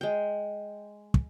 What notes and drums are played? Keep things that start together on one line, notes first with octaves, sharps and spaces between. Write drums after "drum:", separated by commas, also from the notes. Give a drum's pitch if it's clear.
G#3 G5
drum: kick